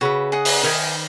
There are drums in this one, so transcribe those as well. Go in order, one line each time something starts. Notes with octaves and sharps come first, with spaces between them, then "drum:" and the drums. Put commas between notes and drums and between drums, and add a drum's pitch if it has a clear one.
C#3 F#4 B4 E5
G#4 D#5 F#5
drum: open hi-hat
D#3 D#4 A#4 E5 G#5